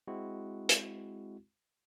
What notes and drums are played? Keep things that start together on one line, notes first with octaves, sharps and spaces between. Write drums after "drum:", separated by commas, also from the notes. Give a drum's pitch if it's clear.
G#3 C4 E4 F#4
drum: hi-hat